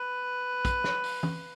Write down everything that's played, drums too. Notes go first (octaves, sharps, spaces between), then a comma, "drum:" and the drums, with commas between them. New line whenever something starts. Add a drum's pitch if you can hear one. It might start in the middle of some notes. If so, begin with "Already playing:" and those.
Already playing: B4
drum: kick, hi-hat
drum: snare
drum: open hi-hat
drum: tom